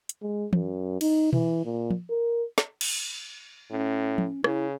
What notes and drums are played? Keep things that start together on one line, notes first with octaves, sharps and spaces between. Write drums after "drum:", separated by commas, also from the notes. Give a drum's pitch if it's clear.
drum: hi-hat
G#3
F#2, drum: tom
D#4, drum: cymbal
E3, drum: tom B2
A#2
drum: tom
A#4
drum: snare
drum: cymbal
A2 C#4
drum: tom
C#3 E4, drum: rim click